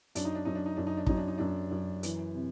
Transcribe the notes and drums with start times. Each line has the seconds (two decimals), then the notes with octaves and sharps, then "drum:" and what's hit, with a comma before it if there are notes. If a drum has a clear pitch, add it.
0.15 F#2 D4, drum: hi-hat
0.25 D#4
0.35 D4
0.45 F#2 D#4
0.55 D4
0.66 D#4
0.76 F#2 D4
0.87 D#4
0.97 D4
1.06 F#2 D#4, drum: kick
1.17 D4
1.28 D#4
1.38 F#2 D4
1.71 F#2
2.03 E3, drum: hi-hat
2.34 C3